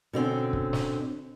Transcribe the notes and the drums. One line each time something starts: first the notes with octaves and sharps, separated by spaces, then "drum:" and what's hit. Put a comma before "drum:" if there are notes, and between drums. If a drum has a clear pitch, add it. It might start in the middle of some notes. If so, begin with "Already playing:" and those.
B2 D3 C4 C#4
drum: kick
drum: snare